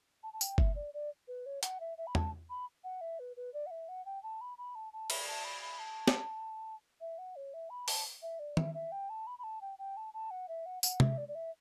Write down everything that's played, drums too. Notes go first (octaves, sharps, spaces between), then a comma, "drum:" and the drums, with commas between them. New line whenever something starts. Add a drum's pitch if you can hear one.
A5
A5
G5, drum: tambourine
E5, drum: kick F#1
D5
D5
B4
C#5
F#5, drum: hi-hat
E5
E5
B5
A5, drum: tom
B5
F#5
E5
B4
B4
D5
F#5
E5
F#5
G5
A5
B5
B5
A5
A5
B5, drum: cymbal
A5
B5
B5
A5
drum: snare
E5
F#5
C#5
E5
B5
A5, drum: open hi-hat
E5
D5
E5, drum: tom
E5
G5
A5
B5
B5
A5
G5
G5
A5
A5
F#5
E5
F#5
F#5, drum: tambourine
E5, drum: tom
D5
D5
E5